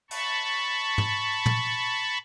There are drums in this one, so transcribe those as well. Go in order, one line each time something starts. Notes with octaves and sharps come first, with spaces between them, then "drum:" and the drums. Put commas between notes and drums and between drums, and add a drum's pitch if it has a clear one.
A5 B5 C#6, drum: cymbal
drum: tom
drum: tom